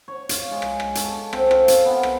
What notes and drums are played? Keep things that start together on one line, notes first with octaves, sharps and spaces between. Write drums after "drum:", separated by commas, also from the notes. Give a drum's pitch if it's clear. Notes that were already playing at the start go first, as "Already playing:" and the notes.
C#5
F5, drum: hi-hat
G#3
drum: rim click
drum: rim click
A4, drum: hi-hat
C4, drum: rim click
F4, drum: rim click
drum: hi-hat
B3
drum: rim click